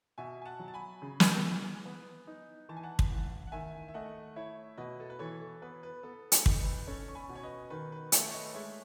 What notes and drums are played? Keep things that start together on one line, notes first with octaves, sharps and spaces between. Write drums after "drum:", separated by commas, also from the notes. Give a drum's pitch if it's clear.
B2 E5 G#5
G#5
F#5 A5
F#3
A5
G#5 B5
C#3
drum: snare
E3
B3
D#4
E3 A5
G#5
F#5 A5
drum: kick
A1
F#5
D#3 E5 G#5
E5
A3 D#5 F#5
E4 C#5 E5
B2 B4 D#5
A4
B4
E3 A4 C#5
A4
B3 B4
B4
B3 A4
A4, drum: hi-hat
D#4, drum: kick
B4
C#4 A4 C#5
C#6
G#5 B5
B2
C#5
B4 D#5
D#3 B4
B4
A3 A4 C#5, drum: hi-hat
C#5
B4 D#5
G#3 C#5 E5